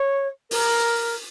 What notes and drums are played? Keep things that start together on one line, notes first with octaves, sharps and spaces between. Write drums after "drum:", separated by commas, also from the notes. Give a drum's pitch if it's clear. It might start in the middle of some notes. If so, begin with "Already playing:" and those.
Already playing: C#5
A#4, drum: open hi-hat